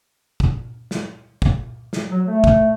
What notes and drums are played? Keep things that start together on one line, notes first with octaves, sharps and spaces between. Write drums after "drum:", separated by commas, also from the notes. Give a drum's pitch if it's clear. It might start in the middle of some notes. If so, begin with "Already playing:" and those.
drum: kick
drum: snare
drum: kick
drum: snare
F#3
A3
drum: kick